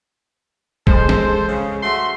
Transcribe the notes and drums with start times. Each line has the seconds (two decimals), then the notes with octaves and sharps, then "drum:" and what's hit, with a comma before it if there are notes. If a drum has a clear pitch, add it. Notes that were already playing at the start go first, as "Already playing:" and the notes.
0.87 G#3 A4 C5, drum: kick A#1
1.09 drum: snare
1.49 C#3
1.82 A3 F#4 C6